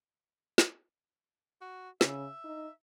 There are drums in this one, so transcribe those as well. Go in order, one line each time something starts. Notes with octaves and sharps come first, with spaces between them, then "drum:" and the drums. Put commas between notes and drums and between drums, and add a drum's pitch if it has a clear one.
drum: snare
F#4
C#3 E5, drum: snare
D#4